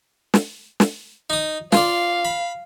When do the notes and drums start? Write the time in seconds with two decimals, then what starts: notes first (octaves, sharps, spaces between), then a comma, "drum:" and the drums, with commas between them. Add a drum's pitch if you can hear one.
0.34 drum: snare
0.80 drum: snare
1.30 D#4 D#6
1.72 F4 D5 F5, drum: snare
2.25 B5